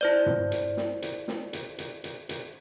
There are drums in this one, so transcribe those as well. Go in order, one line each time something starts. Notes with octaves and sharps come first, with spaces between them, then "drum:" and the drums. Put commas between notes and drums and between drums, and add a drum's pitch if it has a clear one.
E4 C5 D5
drum: tom
drum: hi-hat
drum: snare
drum: hi-hat
drum: snare
drum: hi-hat
drum: hi-hat
drum: hi-hat
drum: hi-hat